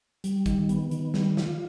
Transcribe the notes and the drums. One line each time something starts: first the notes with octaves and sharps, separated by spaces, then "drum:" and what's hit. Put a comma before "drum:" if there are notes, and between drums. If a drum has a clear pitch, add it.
G3, drum: hi-hat
D#3, drum: kick, hi-hat
B3, drum: hi-hat
D#3, drum: hi-hat
G3, drum: snare
F4, drum: snare